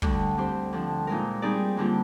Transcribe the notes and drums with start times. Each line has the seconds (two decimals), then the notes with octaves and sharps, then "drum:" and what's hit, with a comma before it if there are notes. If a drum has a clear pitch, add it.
0.02 D2 D3 G3, drum: kick
0.38 G3 C4 G4 C5
0.73 D3 F3 C4
1.07 A#2 G#3 D#4 A#4
1.42 G3 C4 D#4 G#4 D5
1.77 G2 D3 G3 A#3 F4